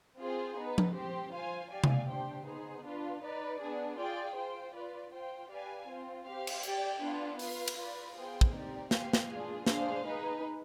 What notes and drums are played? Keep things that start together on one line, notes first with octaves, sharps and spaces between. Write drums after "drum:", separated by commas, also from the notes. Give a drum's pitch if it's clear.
C4 F4 G#4 C5
B3 D#4 B4
drum: tom F3
C4 G4 C5
F4 C5 F5 G#5
G4 D5 F5 G#5
drum: tom C3
D4 G4 C5 G5
B3 D#4 G#4 C5
D4 F4 B4
D#4 B4 D5
B3 D4 G#4
F4 G#4 D5 G5
F4 C5 G5
F4 B4 D5
F4 C5 G5
G4 B4 D5 F5 G#5
C4 F4 C5
G4 C5 F5
drum: cymbal
G4 D5 G5, drum: hi-hat
B3 D4 F4
F4 B4 F5, drum: open hi-hat
drum: cymbal
F4 B4 D5
B3 F4 G#4 C5 G5
drum: kick
C4 D#4 G4 D5
G4 C5 F5 G#5, drum: snare
drum: snare
D4 F4 G#4
D4 G#4 C5 F5, drum: snare
D#4 G#4 B4